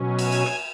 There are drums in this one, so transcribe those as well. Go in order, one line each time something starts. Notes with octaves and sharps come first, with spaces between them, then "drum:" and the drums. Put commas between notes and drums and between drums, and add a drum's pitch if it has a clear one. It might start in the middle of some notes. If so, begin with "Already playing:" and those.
Already playing: B2 F#3 C#4
G#5, drum: cymbal
drum: cymbal
drum: rim click